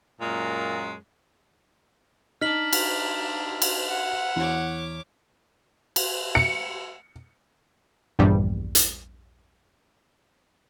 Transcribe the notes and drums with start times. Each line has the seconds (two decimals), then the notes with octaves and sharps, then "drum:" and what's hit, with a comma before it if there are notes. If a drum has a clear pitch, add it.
0.21 F#2 A#2 G#3
2.41 D4 D#4 A#5 F6 B6 F#7
2.73 drum: cymbal
3.62 drum: cymbal
3.90 F#5
4.36 E2 C#5 D6
5.96 drum: cymbal
6.35 C#7
8.19 A#1 E2 G2 G3
8.75 drum: hi-hat